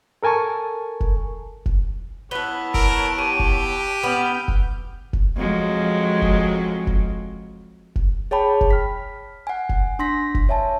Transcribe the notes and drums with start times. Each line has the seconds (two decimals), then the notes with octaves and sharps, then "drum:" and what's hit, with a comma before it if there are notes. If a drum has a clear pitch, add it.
0.23 A4 A#4 G#5 A5 C#6
1.00 drum: kick F1
1.66 drum: kick F1
2.31 B3 E4 C#5 A5 F#6 B6 G7
2.74 A#4 E6 D7, drum: kick F1
3.19 G4 D#7
3.39 drum: kick F1
4.03 B3 F6 G6
4.48 drum: kick F1
5.13 drum: kick F1
5.36 F2 F#3 G#3
6.22 drum: kick F1
6.87 drum: kick F1
7.96 drum: kick F1
8.31 G#4 C#5 G5 A5 B5
8.61 drum: kick F1
8.71 F6 B6
9.47 F#5 G#5
9.69 drum: kick F1
9.99 D4 C6 A#6 B6
10.34 drum: kick F1
10.49 C#5 E5 G#5 A5